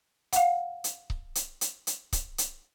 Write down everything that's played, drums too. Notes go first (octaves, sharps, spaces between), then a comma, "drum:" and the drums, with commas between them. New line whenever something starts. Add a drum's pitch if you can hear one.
F5 F#5, drum: hi-hat
drum: hi-hat
drum: kick C#1
drum: hi-hat
drum: hi-hat
drum: hi-hat
drum: kick C#1, hi-hat
drum: hi-hat